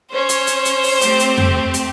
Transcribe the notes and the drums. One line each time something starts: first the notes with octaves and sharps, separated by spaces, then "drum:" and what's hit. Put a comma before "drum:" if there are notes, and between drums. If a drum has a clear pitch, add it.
C#4 C5 C#5
drum: hi-hat
drum: hi-hat
drum: hi-hat
drum: open hi-hat
A3 C4 G4, drum: hi-hat
drum: hi-hat
drum: tom F2
drum: hi-hat